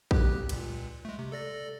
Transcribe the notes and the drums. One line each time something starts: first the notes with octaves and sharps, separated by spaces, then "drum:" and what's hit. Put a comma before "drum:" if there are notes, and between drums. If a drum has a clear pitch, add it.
G4 F#6, drum: kick
C#2 A#2, drum: cymbal
G#3 A3
C3
A4 D5 A#6